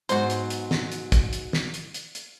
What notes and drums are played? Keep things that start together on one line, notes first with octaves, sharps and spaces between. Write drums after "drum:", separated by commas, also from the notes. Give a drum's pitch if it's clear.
G#2 F#3 B3 F#4 C5, drum: hi-hat
drum: hi-hat
drum: hi-hat
drum: snare
drum: hi-hat
drum: kick, hi-hat
drum: hi-hat
drum: snare
drum: hi-hat
drum: hi-hat
drum: hi-hat